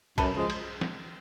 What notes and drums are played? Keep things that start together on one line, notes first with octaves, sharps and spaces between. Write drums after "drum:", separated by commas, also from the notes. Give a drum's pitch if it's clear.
F#2 A4 B4, drum: kick B1, cymbal
C#3 F3 G#3
drum: cymbal
drum: snare